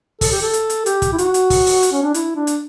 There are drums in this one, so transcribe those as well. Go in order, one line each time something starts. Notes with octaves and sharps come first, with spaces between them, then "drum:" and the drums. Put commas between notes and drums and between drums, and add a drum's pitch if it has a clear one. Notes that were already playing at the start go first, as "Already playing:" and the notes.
A4, drum: kick, open hi-hat
G4
A4
drum: hi-hat
drum: hi-hat
G4, drum: hi-hat
drum: kick, hi-hat
E4
F#4, drum: hi-hat
drum: hi-hat
drum: kick, open hi-hat
drum: open hi-hat
drum: hi-hat
C#4
D4
E4, drum: hi-hat
D4
drum: hi-hat